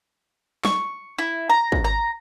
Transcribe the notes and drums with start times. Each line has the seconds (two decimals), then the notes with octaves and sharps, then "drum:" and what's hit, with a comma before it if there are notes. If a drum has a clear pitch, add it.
0.65 C#6, drum: snare
1.18 E4
1.50 A#5
1.72 drum: kick
1.84 A#5